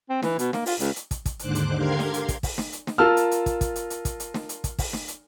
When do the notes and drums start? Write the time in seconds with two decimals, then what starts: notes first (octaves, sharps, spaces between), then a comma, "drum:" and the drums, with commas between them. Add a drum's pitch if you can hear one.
0.10 C4
0.23 E3, drum: snare
0.39 B2, drum: hi-hat
0.53 A#3, drum: snare
0.66 F4, drum: open hi-hat
0.80 C#2, drum: hi-hat
0.96 drum: hi-hat
1.11 drum: kick, hi-hat
1.26 drum: kick, hi-hat
1.39 D#2 G#2 D3 C5 D6 F#6, drum: hi-hat
1.55 drum: hi-hat
1.76 D3 G4 A#4 F5 C6 G#6
1.99 drum: snare
2.14 drum: hi-hat
2.28 drum: kick, hi-hat
2.43 drum: kick, open hi-hat
2.58 drum: snare
2.73 drum: hi-hat
2.87 drum: snare
2.98 F4 A#4 A5 E6 F6
3.17 drum: hi-hat
3.31 drum: hi-hat
3.46 drum: kick, hi-hat
3.61 drum: kick, hi-hat
3.76 drum: hi-hat
3.90 drum: hi-hat
4.05 drum: kick, hi-hat
4.20 drum: hi-hat
4.34 drum: snare
4.49 drum: hi-hat
4.64 drum: kick, hi-hat
4.79 drum: kick, open hi-hat
4.93 drum: snare
5.08 drum: hi-hat